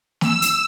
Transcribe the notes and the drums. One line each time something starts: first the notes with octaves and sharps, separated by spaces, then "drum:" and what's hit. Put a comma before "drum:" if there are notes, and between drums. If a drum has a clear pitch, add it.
E6, drum: snare
drum: hi-hat